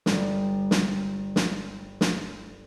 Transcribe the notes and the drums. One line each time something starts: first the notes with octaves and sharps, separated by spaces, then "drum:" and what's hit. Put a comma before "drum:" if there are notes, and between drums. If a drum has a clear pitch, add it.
G1 G3, drum: snare
drum: snare
drum: snare
drum: snare